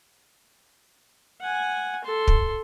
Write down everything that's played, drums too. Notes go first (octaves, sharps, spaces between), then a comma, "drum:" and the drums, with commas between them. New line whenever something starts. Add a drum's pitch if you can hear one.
F#5 G#5
A4 C6
drum: kick